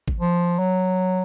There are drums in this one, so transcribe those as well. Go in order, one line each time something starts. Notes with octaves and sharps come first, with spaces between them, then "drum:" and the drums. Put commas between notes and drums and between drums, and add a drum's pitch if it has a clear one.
drum: kick G#1
F3
F#3